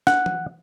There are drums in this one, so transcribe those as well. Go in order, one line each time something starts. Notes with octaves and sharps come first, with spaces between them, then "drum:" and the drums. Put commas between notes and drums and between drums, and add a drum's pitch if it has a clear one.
F#5, drum: snare
drum: tom